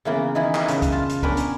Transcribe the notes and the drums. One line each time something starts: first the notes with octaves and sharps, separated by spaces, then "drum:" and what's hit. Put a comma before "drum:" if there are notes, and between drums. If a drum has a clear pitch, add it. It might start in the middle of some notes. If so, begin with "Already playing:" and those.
C#3 E3 A#3 B3
D#3 E3 D#4 E4 G#4 D#5
drum: clap
C#3 B4, drum: hi-hat
drum: kick, hi-hat
F4 A5
drum: hi-hat
B3 C#4 D4 A#4 B4 G5, drum: kick
drum: hi-hat